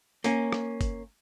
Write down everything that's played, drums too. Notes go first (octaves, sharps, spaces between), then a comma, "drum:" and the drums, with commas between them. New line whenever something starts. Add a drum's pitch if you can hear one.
A#3 C#4, drum: hi-hat
drum: rim click
drum: kick F#1, hi-hat